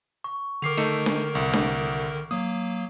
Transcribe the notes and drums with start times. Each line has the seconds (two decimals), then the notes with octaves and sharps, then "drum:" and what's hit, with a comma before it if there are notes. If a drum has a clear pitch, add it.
0.24 C#6
0.62 D3 D#3 A#4 D6 C7 F7
0.77 A3 D#4 C#7 E7
1.06 drum: snare D4
1.35 C2
1.53 drum: snare D4
2.31 F#3 A#3 D#6